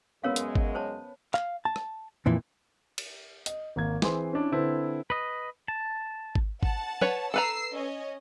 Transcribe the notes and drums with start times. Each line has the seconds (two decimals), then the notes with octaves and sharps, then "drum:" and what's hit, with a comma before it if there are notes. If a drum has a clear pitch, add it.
0.24 F#2 G#3 B3 C#4 A#4 C#5 F5
0.36 drum: hi-hat
0.55 drum: kick G#1
0.75 C5 C#5 A5
1.34 F5, drum: clap
1.65 A5
1.76 drum: rim click
2.26 F2 A#2 E3
2.98 drum: cymbal
3.46 D#5, drum: hi-hat
3.76 G#1 A#3 G#6
4.02 E3 C4 G#4 B4 G#5 C6, drum: snare
4.33 C#4 D4 E4
4.52 D3 C4 E4 A4 B4
5.10 B4 D#5
5.68 A5
6.35 drum: kick G#1
6.63 F#5 A5, drum: kick G#1
7.01 B4 C#5, drum: tom
7.34 A4 B4 A#5 E6 C7
7.73 C#4 D#5